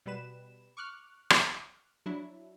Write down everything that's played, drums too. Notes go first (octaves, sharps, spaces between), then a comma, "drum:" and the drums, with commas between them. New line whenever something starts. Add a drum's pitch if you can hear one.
B2 G3 B4 E7
C#6 D6 F6 F#6
drum: rim click
F#3 D4 E4